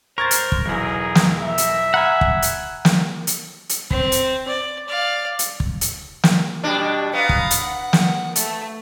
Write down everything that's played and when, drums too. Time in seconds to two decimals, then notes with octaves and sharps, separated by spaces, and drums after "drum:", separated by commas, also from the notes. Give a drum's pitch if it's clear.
0.18 A#4 C5 C#6 G#6 A6
0.31 drum: hi-hat
0.52 drum: kick
0.65 B1 E2 G#4
1.15 drum: snare
1.42 E5
1.58 drum: hi-hat
1.94 F#5 G#5 A#5 B5 F6
2.21 drum: kick
2.42 drum: hi-hat
2.85 drum: snare
3.27 drum: hi-hat
3.69 drum: hi-hat
3.91 C4, drum: kick
4.12 drum: hi-hat
4.47 D5
4.88 D5 F5
5.39 drum: hi-hat
5.60 drum: kick
5.81 drum: hi-hat
6.23 drum: snare
6.64 B2 G3 D4
7.13 B3 F5 A#5
7.29 drum: kick
7.51 drum: hi-hat
7.63 F#5
7.93 drum: snare
8.36 A3, drum: hi-hat